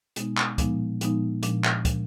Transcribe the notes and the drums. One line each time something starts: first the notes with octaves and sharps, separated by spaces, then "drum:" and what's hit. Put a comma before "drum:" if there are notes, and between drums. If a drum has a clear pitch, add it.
B2 G#3 B3 D#4, drum: hi-hat
drum: clap
A#2 F3 G#3 B3 D#4, drum: kick, hi-hat
A#2 F3 G#3 B3 D#4, drum: hi-hat
A#2 F3 G#3 D4, drum: hi-hat
drum: clap
A#2 F3 G#3 D4, drum: kick, hi-hat